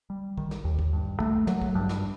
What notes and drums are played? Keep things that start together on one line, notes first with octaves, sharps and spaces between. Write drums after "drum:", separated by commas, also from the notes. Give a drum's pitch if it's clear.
G3
D#3, drum: kick
drum: snare
D#2
drum: kick
G2
A3, drum: kick
F#3, drum: snare
drum: kick
G2
drum: snare